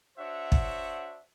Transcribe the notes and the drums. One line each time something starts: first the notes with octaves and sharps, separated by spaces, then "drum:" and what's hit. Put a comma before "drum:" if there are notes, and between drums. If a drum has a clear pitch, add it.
D4 F#4 C5 C#5 E5 F#5
drum: kick